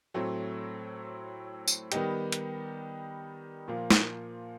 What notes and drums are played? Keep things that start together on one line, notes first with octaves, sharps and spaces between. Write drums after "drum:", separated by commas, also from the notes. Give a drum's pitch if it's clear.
A2 F#3 A3 C4
drum: tambourine
D#3 G3 B3 D#4 G4, drum: hi-hat
drum: hi-hat
A#2 F3 A#3
drum: snare